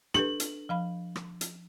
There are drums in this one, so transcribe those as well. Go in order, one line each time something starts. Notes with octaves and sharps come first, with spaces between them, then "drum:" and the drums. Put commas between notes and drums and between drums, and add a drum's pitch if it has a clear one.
D4 A4 B4 F#7, drum: rim click
drum: hi-hat
F3 F5 B5
drum: rim click
drum: hi-hat